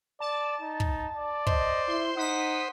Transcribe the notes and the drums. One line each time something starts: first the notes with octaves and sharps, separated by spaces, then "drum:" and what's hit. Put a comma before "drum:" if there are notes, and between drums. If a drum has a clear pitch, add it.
D5 A5
D#4
drum: kick
D5
C5 D#5, drum: kick
E4 C6
D#4 F#5 D#6 B6